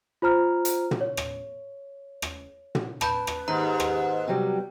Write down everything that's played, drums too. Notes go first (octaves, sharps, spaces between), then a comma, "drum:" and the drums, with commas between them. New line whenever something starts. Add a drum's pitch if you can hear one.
F4 C5 A#5 F6
drum: hi-hat
drum: tom
C#5
drum: rim click
drum: rim click
drum: tom
B4 A5 B5 G6, drum: rim click
drum: rim click
D#2 G#2 A#5
drum: rim click
C3 F#3 G3